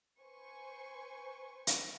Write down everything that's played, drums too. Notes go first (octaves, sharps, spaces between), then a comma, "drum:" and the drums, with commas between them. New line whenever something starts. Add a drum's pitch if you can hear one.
B4 C5 G#5 C#6
drum: hi-hat